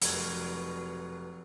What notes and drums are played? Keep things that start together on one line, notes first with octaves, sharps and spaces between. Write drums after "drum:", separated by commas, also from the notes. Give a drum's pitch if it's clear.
F1 B2 F#3 A#4 G#6, drum: hi-hat